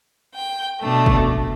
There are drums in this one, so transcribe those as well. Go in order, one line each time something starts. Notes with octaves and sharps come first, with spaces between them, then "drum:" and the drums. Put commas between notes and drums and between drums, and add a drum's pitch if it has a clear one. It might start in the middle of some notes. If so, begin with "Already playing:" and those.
G5
B2 A3 D4
drum: kick